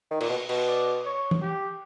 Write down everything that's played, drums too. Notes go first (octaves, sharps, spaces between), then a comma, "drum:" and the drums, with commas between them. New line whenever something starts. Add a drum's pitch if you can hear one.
D#3
A#2, drum: cymbal
B2
B2, drum: cymbal
D5
C#5
drum: tom
G4